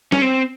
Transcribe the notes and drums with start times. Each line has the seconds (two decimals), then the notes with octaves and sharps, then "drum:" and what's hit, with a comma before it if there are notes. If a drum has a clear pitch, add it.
0.12 C#4, drum: snare
0.22 C4